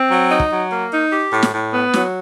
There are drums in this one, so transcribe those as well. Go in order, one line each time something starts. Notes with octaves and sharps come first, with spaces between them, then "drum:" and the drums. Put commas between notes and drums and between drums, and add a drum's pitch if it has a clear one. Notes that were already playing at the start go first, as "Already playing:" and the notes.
Already playing: C4
F#3
D#4
drum: kick
F#3
A#3
D#4
G4
A2
drum: snare
A2
B3
F#3, drum: snare